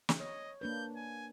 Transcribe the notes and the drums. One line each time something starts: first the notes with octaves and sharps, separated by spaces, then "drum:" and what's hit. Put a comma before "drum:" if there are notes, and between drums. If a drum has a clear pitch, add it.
drum: snare
C#5 D#5
A#3 D4 B4 G6
G#5